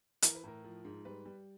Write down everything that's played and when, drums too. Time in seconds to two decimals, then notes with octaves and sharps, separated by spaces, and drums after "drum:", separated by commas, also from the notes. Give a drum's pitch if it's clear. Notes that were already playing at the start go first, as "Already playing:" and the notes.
0.22 E3 A#4, drum: hi-hat
0.35 B4
0.44 A2 A#4
0.64 F3
0.85 G#2
1.05 G3 B4
1.26 G3